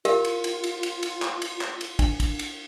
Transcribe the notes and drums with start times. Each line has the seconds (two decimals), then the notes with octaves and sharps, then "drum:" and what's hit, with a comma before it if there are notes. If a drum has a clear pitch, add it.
0.05 F4 G4 A#4 F5, drum: cymbal
0.25 drum: cymbal
0.44 drum: cymbal
0.64 drum: cymbal
0.83 drum: cymbal
1.03 drum: cymbal
1.22 drum: clap
1.42 drum: cymbal
1.61 drum: clap
1.81 drum: cymbal
1.99 D4, drum: kick, cymbal
2.20 drum: kick, cymbal
2.39 drum: cymbal